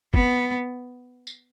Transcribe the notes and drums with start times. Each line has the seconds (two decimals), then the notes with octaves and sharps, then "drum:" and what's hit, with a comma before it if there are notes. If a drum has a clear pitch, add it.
0.14 B3, drum: kick
1.27 drum: tambourine